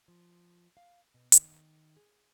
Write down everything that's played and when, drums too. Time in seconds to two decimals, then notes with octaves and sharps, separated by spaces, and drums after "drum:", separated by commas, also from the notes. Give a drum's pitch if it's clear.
0.08 F3
0.77 F5
1.14 B2
1.32 D#3, drum: hi-hat
1.97 G#4